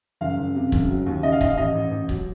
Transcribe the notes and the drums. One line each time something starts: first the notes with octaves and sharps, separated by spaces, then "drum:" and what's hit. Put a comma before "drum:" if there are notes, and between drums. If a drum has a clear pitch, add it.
F#1 F5
F#1
C3
F#1, drum: kick
F#3
D#2
C#3 D#5
F5
D#2 D#5, drum: kick
F5
A1 D#5
A1
A1
F#3, drum: kick